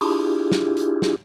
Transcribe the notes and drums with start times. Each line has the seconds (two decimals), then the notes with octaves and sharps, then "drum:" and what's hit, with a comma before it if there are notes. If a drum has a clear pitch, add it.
0.01 D4 E4 F4 G4 G#4, drum: open hi-hat
0.52 drum: snare
0.77 drum: hi-hat
1.02 drum: snare